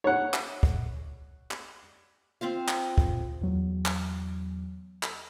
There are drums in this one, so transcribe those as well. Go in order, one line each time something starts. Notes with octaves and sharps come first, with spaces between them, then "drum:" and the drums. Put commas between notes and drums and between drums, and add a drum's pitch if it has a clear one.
C#5 F#5
drum: clap
drum: kick
drum: clap
C4 F4 C5 F5
drum: clap
drum: kick
E2 F#3
drum: clap
drum: clap